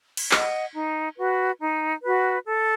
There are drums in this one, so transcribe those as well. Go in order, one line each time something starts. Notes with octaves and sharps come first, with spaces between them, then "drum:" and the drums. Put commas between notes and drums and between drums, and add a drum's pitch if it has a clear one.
drum: cymbal
D#5 F#5, drum: clap
D#4
F#4 B4
D#4
F#4 B4
A4